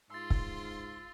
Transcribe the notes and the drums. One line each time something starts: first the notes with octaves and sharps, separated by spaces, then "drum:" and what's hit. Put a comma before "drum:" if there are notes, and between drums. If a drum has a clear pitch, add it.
G#2 F4 C6 E6 A6
drum: kick